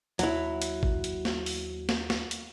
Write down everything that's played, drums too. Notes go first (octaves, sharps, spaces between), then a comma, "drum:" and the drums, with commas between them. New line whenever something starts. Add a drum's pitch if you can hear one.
D#2 F#3 E4, drum: hi-hat
drum: hi-hat
drum: kick G#1
drum: hi-hat
drum: snare
drum: open hi-hat
drum: snare
drum: snare
drum: hi-hat